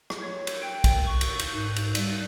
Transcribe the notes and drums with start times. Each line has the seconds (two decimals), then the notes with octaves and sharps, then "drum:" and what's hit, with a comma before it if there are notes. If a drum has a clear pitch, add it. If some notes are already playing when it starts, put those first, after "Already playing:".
0.10 drum: rim click
0.22 C#5
0.47 drum: cymbal
0.62 G5
0.84 drum: kick, cymbal
1.06 C#6
1.21 drum: cymbal
1.39 drum: cymbal
1.53 G#2
1.76 drum: cymbal
1.95 G3, drum: cymbal